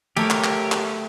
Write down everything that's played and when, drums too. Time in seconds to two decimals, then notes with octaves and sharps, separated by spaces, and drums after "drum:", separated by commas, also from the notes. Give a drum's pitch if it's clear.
0.17 A3 G4 A#4 C#5, drum: cymbal
0.30 drum: clap
0.44 drum: clap
0.72 drum: clap